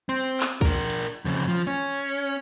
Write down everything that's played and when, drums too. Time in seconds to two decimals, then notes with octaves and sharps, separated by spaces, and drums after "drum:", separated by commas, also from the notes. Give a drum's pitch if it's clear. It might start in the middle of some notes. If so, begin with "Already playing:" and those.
0.09 C4
0.40 drum: clap
0.61 D4 A#4, drum: kick
0.90 drum: hi-hat
1.25 F2 C#3
1.48 F3
1.67 C#4